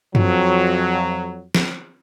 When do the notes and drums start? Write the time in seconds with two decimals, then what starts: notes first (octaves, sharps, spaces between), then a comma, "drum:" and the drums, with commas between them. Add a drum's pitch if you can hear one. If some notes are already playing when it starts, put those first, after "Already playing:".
0.15 F2 F#3, drum: tom F#2
1.55 drum: snare